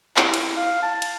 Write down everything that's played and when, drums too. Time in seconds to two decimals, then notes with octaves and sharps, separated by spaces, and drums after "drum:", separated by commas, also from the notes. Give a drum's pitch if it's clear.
0.17 E4, drum: clap
0.34 drum: cymbal
0.56 F5
0.83 A5
1.02 drum: cymbal